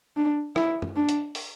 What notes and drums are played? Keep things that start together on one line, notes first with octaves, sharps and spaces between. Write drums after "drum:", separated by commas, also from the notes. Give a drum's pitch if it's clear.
D4
E4, drum: rim click
drum: tom
D4
drum: hi-hat
drum: open hi-hat